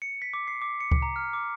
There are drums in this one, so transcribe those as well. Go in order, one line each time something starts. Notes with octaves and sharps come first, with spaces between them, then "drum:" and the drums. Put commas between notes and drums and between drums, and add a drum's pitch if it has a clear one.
C#7
B6
D6
C7
D6
C#7
drum: kick C#2
A#5
F6
D6